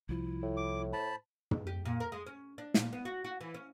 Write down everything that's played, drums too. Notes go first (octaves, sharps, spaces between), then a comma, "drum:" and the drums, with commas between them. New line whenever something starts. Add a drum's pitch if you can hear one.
C2 F3 E4
A2
D6
C5 A5 B5
drum: tom
G4
A#2
A#4
G#3
C#4
D4
A#2, drum: snare
B3
F#4
F#4
E3
C#4